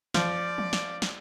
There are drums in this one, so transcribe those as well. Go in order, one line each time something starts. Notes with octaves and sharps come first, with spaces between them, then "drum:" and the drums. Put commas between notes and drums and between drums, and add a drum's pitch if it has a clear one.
F3 D5, drum: snare
drum: tom F3
drum: snare
drum: snare